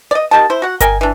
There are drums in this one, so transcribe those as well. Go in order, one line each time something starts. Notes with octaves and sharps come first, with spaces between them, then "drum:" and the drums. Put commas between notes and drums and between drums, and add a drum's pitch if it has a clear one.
D5 D#5
D#3 G4 D#5 A5
E4 C5
F#4 F#5
A#4 D#5 G5 G#5, drum: kick G1, hi-hat
E3 D4